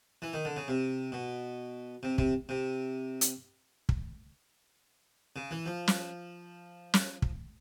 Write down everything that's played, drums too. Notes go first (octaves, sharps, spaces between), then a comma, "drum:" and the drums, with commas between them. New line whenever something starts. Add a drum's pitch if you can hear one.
E3
D#3
D3
C#3
C3
B2
C3
C3, drum: kick
C3
drum: hi-hat
drum: kick
C#3
E3
F3
drum: snare
drum: snare
drum: kick